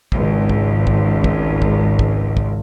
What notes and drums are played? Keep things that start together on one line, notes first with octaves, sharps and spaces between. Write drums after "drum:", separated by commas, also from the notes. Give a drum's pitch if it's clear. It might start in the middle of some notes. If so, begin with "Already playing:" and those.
G#1 C#2, drum: kick
drum: kick
drum: kick
drum: kick
drum: kick
drum: kick
drum: kick